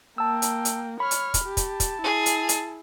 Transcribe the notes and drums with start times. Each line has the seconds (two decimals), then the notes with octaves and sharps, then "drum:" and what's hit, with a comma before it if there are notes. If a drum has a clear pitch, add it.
0.18 A#3 G5 A5 E6
0.42 drum: hi-hat
0.65 drum: hi-hat
1.00 C#5 B5 F6
1.11 drum: hi-hat
1.34 drum: kick, hi-hat
1.45 G4 A5
1.57 drum: kick, hi-hat
1.80 drum: kick, hi-hat
2.03 E4 G#4
2.26 drum: hi-hat
2.49 drum: hi-hat